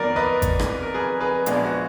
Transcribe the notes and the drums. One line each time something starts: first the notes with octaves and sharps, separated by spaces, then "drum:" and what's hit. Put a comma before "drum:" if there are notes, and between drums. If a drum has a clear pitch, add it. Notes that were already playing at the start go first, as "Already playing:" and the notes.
Already playing: F2 D#3 F#3 B3 A#4 D5
B4 D#5
drum: kick G#1, hi-hat
drum: rim click
A#4
G#4 B4
G#4 B4
A#1 A#2 G#3 B3 D4 G#4, drum: hi-hat
F#4